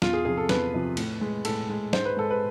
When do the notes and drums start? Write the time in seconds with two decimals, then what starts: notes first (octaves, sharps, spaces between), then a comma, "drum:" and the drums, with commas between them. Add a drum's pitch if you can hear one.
0.02 E2 F4, drum: snare
0.13 G#4
0.25 C3 F3 G#4
0.37 A4
0.49 E2 B4, drum: snare
0.74 C3 F3
0.97 A2, drum: cymbal
1.21 G#3
1.45 A2 A4, drum: cymbal
1.69 G#3
1.93 G#2 C5, drum: snare
2.05 B4
2.17 G#3 A4
2.31 B4